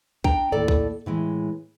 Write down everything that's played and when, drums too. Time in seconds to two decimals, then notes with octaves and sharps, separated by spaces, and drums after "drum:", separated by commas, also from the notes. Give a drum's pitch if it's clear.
0.24 D4 G5 A#5, drum: kick B1
0.52 D#2 A2 A4 D5
0.68 drum: kick B1
1.06 A2 E3 G#3